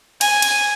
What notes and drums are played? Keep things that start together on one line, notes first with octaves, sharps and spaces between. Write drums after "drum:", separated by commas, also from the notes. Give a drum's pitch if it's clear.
G#5, drum: cymbal
drum: cymbal